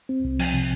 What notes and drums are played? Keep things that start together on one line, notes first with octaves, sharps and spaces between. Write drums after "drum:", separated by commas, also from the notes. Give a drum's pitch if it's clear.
C4
C2
F3, drum: cymbal
C3